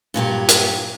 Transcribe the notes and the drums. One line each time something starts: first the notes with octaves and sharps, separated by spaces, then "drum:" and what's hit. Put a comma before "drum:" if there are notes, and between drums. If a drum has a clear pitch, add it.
G2 A#2 F#3 G4
drum: hi-hat